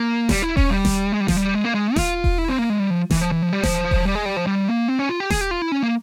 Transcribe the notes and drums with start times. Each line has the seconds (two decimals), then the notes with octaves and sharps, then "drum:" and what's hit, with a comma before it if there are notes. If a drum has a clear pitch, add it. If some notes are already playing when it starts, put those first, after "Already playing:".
Already playing: A#3
0.29 G3, drum: snare D#1
0.42 E4
0.57 C#4, drum: kick E1
0.71 G3
0.85 drum: snare D#1
1.12 G#3
1.20 G3
1.28 F3, drum: snare D#1
1.37 G3
1.54 G#3
1.64 A#3
1.75 G#3
1.96 F4, drum: snare D#1
2.24 drum: kick E1
2.38 E4
2.48 C4
2.59 A#3
2.70 G#3
2.80 G3
2.90 F3
3.10 E3, drum: snare D#1
3.21 F3
3.32 E3
3.42 F3
3.53 G3
3.63 F3, drum: snare D#1
3.91 drum: kick E1
4.05 G3
4.15 G#3
4.26 G3
4.37 F3
4.47 G3
4.68 A#3
4.88 C4
4.99 C#4
5.09 F4
5.20 G4
5.30 G#4, drum: snare D#1
5.41 G4
5.51 F4
5.62 E4
5.72 C#4
5.83 A#3